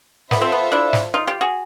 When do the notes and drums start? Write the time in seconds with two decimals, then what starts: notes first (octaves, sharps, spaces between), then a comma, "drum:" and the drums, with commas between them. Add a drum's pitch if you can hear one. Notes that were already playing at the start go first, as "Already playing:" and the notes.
0.31 B3 F4 A4 C5 E5, drum: snare
0.42 C4
0.52 B3
0.72 D4 E4
0.93 drum: snare
1.14 D#4 F4
1.27 F4 G4
1.41 F#4 G#4